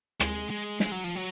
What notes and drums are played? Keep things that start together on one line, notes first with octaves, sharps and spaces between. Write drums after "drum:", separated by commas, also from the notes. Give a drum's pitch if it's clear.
G#3, drum: rim click
G#3
G#3, drum: snare
F#3
F3
F#3